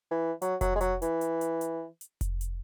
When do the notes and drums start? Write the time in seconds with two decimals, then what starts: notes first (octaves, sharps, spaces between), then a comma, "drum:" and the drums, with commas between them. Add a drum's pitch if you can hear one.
0.11 E3
0.42 F#3, drum: hi-hat
0.61 F#3, drum: kick F1, hi-hat
0.76 G#3
0.81 F#3, drum: hi-hat
1.02 E3, drum: hi-hat
1.21 drum: hi-hat
1.41 drum: hi-hat
1.61 drum: hi-hat
2.01 drum: hi-hat
2.21 drum: kick F1, hi-hat
2.41 drum: hi-hat